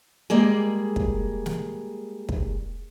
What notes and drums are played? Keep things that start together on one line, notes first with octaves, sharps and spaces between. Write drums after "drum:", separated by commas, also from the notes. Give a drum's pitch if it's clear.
G3 G#3 A#3 G#4
drum: kick
drum: snare
drum: kick